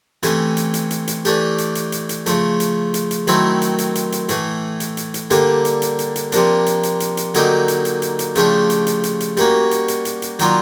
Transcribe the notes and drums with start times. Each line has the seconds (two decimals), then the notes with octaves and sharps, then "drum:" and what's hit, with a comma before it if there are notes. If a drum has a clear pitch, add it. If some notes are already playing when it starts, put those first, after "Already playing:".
0.23 C3 E3 A3 C#4, drum: hi-hat
0.57 drum: hi-hat
0.74 drum: hi-hat
0.91 drum: hi-hat
1.07 drum: hi-hat
1.25 E3 A3 D4 G4, drum: hi-hat
1.58 drum: hi-hat
1.75 drum: hi-hat
1.92 drum: hi-hat
2.09 drum: hi-hat
2.26 C#3 F3 A3, drum: hi-hat
2.60 drum: hi-hat
2.94 drum: hi-hat
3.11 drum: hi-hat
3.27 D#3 F#3 A3 C4 E4, drum: hi-hat
3.62 drum: hi-hat
3.78 drum: hi-hat
3.95 drum: hi-hat
4.12 drum: hi-hat
4.29 A2 E3 A3, drum: hi-hat
4.80 drum: hi-hat
4.97 drum: hi-hat
5.14 drum: hi-hat
5.30 D3 G3 A#3 D4, drum: hi-hat
5.65 drum: hi-hat
5.82 drum: hi-hat
5.99 drum: hi-hat
6.16 drum: hi-hat
6.32 C3 F3 A#3 D4, drum: hi-hat
6.66 drum: hi-hat
6.83 drum: hi-hat
7.00 drum: hi-hat
7.17 drum: hi-hat
7.34 D3 F#3 A#3 D#4 G4, drum: hi-hat
7.68 drum: hi-hat
7.85 drum: hi-hat
8.02 drum: hi-hat
8.19 drum: hi-hat
8.35 C#3 F3 A3 D4 G4, drum: hi-hat
8.70 drum: hi-hat
8.87 drum: hi-hat
9.03 drum: hi-hat
9.20 drum: hi-hat
9.37 G3 A#3 C#4 F#4, drum: hi-hat
9.71 drum: hi-hat
9.88 drum: hi-hat
10.05 drum: hi-hat
10.22 drum: hi-hat
10.39 D#3 F#3 A#3 D4 F4, drum: hi-hat